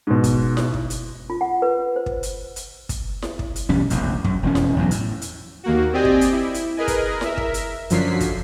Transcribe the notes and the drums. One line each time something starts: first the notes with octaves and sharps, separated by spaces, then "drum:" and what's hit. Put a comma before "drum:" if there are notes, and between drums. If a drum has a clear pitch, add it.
G#2 B2
drum: kick, hi-hat
drum: snare E4
drum: kick
drum: hi-hat
F4
F#5
B4
C5
drum: kick
drum: hi-hat
drum: hi-hat
drum: kick, hi-hat
drum: snare E4
drum: kick
drum: hi-hat
B1 E2 G3 C#4
F1 A#1 E2, drum: hi-hat
F#2, drum: kick
E1 F2 C#4
drum: snare E4
B1 E2 A2 F#3
A2, drum: hi-hat
drum: hi-hat
D#2 A#3 F#4
C4 G4 D5 D#5 G5 G#5
drum: kick
drum: hi-hat
E4
drum: hi-hat
G#4 A#4 B4 D#5 G#5
drum: kick, hi-hat
A#4 E5, drum: snare E4
drum: kick
drum: hi-hat
F#2 D3 F3 F#3 B6 C7, drum: hi-hat
drum: kick, hi-hat